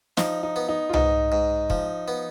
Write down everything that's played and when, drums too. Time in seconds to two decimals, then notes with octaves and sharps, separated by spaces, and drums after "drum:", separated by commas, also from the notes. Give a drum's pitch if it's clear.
0.17 F3 D#4, drum: snare
0.43 D#4
0.56 B3
0.69 D#4
0.89 F4
0.94 G#2 D#4, drum: tom C2
1.32 G#2
1.70 F3, drum: kick
2.08 B3